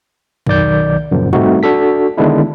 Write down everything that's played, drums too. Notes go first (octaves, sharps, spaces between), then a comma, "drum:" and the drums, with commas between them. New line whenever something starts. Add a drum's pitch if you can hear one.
B1 D#3 D5 G6, drum: tom
F#2 A#2 C#3 F3
G3 A3 C4 D#4 F#4, drum: tom
D4 F#4 A4 B6
D3 D#3 G#3 B3 D4 E4